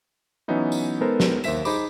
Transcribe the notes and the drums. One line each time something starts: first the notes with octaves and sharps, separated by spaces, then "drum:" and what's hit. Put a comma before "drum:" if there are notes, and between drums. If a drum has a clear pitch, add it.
E3 F#3 B3 C#4 D#4 E4
drum: tambourine
G#3 B3 D#4 A4 A#4 C5
drum: snare
D#2 A#4 C5 E5 B6 E7, drum: tambourine
D#4 G#4 C5 B5 D6, drum: tambourine